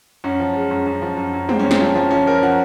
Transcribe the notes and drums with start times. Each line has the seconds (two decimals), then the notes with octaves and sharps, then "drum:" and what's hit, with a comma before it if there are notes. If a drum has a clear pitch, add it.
0.24 F#2 C#4
0.40 F3
0.55 G#3
0.71 F#2
0.87 F#2
1.02 F3
1.17 F#2
1.34 F#2
1.49 G#3 C4, drum: tom
1.59 F#2 C#4
1.71 C4, drum: snare
1.80 F3
1.96 F3
2.11 F3 C#4
2.27 F3 A#4
2.42 F3 F#5